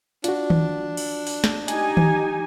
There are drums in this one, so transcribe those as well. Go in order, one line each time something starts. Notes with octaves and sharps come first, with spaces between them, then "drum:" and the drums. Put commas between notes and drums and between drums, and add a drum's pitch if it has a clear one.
D4 F4 F#4, drum: hi-hat
drum: tom D#3
drum: cymbal
drum: open hi-hat
drum: snare
D#4 G4 G#5, drum: hi-hat
drum: tom D#3